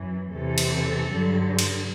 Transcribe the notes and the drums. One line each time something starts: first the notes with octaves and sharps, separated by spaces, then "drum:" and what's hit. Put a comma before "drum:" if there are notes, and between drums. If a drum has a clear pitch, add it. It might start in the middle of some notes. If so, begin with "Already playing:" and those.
Already playing: F#2 E3
E2 C3 E3 A4
drum: cymbal
G2 D3 F#3
drum: cymbal